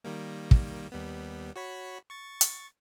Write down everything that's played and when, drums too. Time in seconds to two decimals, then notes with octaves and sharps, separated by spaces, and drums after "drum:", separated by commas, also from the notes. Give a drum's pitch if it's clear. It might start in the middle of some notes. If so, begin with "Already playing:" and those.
0.04 D#3 G3 A#3
0.51 drum: kick
0.92 D#2 G3 B3
1.56 F#4 C#5 B5
2.10 C#6 A6
2.41 drum: hi-hat